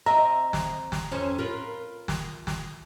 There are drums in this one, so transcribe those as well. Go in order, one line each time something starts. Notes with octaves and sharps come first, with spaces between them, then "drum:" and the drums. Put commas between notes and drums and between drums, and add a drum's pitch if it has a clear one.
C4 D#5 E5 A#5
drum: snare
drum: snare
F2 C#4 C5
F4 A#4 B4
drum: snare
drum: snare